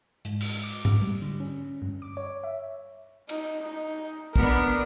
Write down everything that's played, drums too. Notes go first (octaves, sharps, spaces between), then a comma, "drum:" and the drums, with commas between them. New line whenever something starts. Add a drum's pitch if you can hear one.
G#2, drum: hi-hat
drum: cymbal
D6
drum: tom G#2
G3
D3
C#4
G2
D6
C#5
E5
D#4, drum: cymbal
D#4
B3 D4 A#4, drum: kick